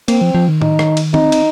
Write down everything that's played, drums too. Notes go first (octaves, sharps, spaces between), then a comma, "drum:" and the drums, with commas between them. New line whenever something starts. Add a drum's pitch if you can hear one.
A#3 C4, drum: cymbal
F3
F3
D#3
D#4, drum: tom A2
drum: rim click
drum: cymbal
C4 D#4, drum: tom
drum: cymbal